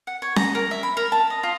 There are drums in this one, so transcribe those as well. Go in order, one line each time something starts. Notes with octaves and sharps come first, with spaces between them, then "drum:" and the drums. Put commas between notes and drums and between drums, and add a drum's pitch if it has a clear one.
F#5
C#5
A#5, drum: snare C#4
A#4
E5
B5
A#4
A5
D#5
F4